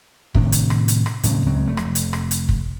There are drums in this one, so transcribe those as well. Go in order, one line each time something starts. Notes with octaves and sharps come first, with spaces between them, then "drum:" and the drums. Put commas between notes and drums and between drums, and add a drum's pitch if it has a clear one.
A2 C3 D#3 D4, drum: kick
drum: hi-hat
drum: rim click
drum: hi-hat
drum: rim click
A2 C#3 F#3 C4, drum: hi-hat
C#2 C#3 F#3 C4
F1 A3
drum: rim click
drum: hi-hat
drum: rim click
drum: hi-hat
drum: kick